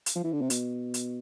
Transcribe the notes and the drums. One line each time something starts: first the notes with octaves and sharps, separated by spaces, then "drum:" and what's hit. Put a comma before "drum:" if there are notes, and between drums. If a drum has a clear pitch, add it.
drum: hi-hat
F3
E3
D3
C3
B2, drum: hi-hat
drum: hi-hat